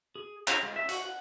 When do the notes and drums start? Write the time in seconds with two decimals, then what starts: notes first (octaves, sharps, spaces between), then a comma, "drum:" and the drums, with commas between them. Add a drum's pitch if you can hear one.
0.15 G#4
0.48 A#5, drum: clap
0.63 G#3
0.76 E5
0.89 F#4, drum: hi-hat
1.02 F#5